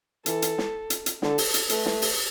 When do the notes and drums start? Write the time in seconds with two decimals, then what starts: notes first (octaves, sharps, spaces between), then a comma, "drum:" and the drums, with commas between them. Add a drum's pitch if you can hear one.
0.26 E3 A4, drum: hi-hat
0.42 drum: hi-hat
0.58 drum: snare
0.90 drum: hi-hat
1.06 drum: hi-hat
1.22 D3 A4, drum: snare
1.38 drum: open hi-hat
1.54 drum: hi-hat
1.69 A3 B4, drum: hi-hat
1.86 drum: snare
2.02 drum: open hi-hat